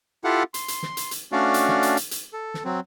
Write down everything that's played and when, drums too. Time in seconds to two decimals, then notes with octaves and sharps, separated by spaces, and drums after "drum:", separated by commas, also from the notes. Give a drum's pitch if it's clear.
0.24 E4 F4 G4 A4 F5 F#5
0.54 C6, drum: hi-hat
0.68 drum: hi-hat
0.83 drum: snare
0.97 drum: hi-hat
1.11 drum: hi-hat
1.32 A3 C#4 D4 F#4 D5 F5
1.54 drum: hi-hat
1.68 drum: snare
1.83 drum: hi-hat
1.97 drum: hi-hat
2.11 drum: hi-hat
2.33 A4
2.54 drum: snare
2.65 F#3 C4